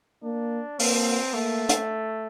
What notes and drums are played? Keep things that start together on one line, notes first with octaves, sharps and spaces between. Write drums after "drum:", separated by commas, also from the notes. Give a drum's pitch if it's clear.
A#3 D4
A#3 C4, drum: open hi-hat
A3 A#3
drum: hi-hat